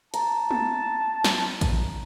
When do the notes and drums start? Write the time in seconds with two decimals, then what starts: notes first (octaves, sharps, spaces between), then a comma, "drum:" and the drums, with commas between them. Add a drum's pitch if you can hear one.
0.14 A5 A#5, drum: hi-hat
0.51 drum: tom G#3
1.24 drum: snare
1.61 drum: kick A1, hi-hat